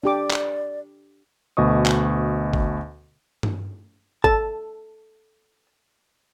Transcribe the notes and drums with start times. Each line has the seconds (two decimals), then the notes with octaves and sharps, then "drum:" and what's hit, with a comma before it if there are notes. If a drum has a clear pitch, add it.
0.03 D4 G4 D5 D6
0.31 drum: clap
1.57 D2 B2 D#5 C#6 D#6
1.86 drum: clap
2.53 drum: kick G#1
3.43 drum: tom G2
4.24 A4 A5, drum: kick G#1